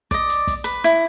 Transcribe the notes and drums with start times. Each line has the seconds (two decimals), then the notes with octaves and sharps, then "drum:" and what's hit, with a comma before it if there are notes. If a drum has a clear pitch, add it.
0.11 D5 D#5, drum: kick, hi-hat
0.29 drum: hi-hat
0.47 drum: kick, hi-hat
0.64 B4, drum: hi-hat
0.84 E4, drum: hi-hat